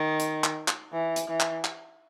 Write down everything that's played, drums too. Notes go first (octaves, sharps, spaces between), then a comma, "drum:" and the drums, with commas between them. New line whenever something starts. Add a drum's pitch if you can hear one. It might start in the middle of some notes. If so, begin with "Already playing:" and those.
Already playing: D#3
drum: hi-hat
drum: clap
drum: clap
E3
drum: hi-hat
E3
drum: clap
drum: clap